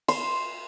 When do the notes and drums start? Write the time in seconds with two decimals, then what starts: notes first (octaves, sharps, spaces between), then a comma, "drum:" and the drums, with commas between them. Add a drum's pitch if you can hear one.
0.08 C6, drum: cymbal